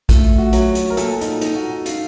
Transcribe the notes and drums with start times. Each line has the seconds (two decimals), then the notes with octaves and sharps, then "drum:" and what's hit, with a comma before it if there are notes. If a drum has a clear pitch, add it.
0.09 A3 F4, drum: kick A#1, hi-hat
0.38 F#4
0.53 F#3, drum: hi-hat
0.75 drum: hi-hat
0.90 A#4
0.97 A#2 A4, drum: hi-hat
1.21 D#4, drum: hi-hat
1.26 F4
1.41 D#4, drum: hi-hat
1.55 F#4
1.86 F4, drum: hi-hat